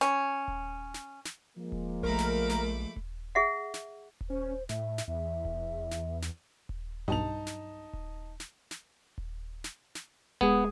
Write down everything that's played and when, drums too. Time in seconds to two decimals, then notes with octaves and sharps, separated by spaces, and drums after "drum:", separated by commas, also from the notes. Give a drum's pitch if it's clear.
0.01 C#4, drum: snare
0.48 drum: kick D#1
0.94 drum: snare
1.25 drum: snare
1.57 F3 G#3 A#3
1.72 drum: kick D#1
2.03 A#1 A3 A#4 B5 D6
2.19 drum: snare
2.50 drum: snare
2.96 drum: kick D#1
3.35 G#4 E5 F#5
3.74 drum: snare
4.21 drum: kick D#1
4.30 C#4 C5
4.69 A2 E5, drum: snare
4.98 drum: snare
5.08 E2 E5
5.45 drum: kick D#1
5.91 drum: snare
6.23 drum: snare
6.69 drum: kick D#1
7.08 B1 G2 D#4 A5 F7
7.47 drum: snare
7.93 drum: kick D#1
8.40 drum: snare
8.71 drum: snare
9.18 drum: kick D#1
9.64 drum: snare
9.95 drum: snare
10.41 G#3 B3 G#4, drum: kick D#1